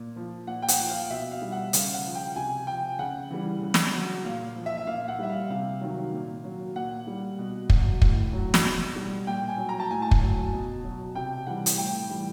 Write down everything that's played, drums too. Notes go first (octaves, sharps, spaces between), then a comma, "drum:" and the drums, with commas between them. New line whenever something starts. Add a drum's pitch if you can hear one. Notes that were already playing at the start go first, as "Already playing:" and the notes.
Already playing: A#2
F3
A#2 F#5
G5
F#5, drum: hi-hat
F3
F5
B2 E5
F5
G3
F#5
C#3 F5, drum: hi-hat
F#5
F3
G5
C3 G#5
F3 G5
C#3 F#5
E3 G3
C#3
drum: snare
F#3
A#2 F5
F3
E5
E5
A#2 F5
F#5
G3 E5
F5
C3 F5
D#3 F#3
A#2
F#3
A#2 F#5
G3
B2
F#3, drum: kick
A2, drum: kick
F#3
drum: snare
B2
G3
A#2 G5
G#5
F#3
A#5
A5
A2 G#5
A5
drum: kick
F#3
B2
F#3
C3 G5
E3 G3 F#5
drum: hi-hat
A2 G5
E3 G3